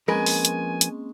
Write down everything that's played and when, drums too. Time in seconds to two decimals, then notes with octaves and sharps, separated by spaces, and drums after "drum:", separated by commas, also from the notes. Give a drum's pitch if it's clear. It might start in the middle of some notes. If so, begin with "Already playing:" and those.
0.08 F3 G#3 A#3 C4 C#4 A#4 B4 G#5
0.26 drum: open hi-hat
0.45 drum: hi-hat
0.81 drum: hi-hat